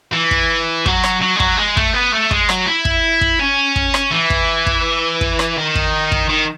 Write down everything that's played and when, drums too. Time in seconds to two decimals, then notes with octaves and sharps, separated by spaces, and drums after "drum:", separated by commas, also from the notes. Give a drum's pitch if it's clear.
0.13 E3
0.31 drum: kick
0.86 F#3, drum: kick
1.04 drum: rim click
1.21 F#3
1.36 G#3
1.40 F#3, drum: kick
1.57 G#3
1.77 A3, drum: kick
1.94 B3
2.13 A3
2.31 G#3, drum: kick
2.49 F#3, drum: rim click
2.67 E4
2.85 drum: kick
3.21 drum: kick
3.40 C#4
3.76 drum: kick
3.94 drum: rim click
4.12 E3
4.30 drum: kick
4.66 drum: kick
5.21 drum: kick
5.39 drum: rim click
5.57 D#3
5.75 drum: kick
6.12 drum: kick
6.30 D#3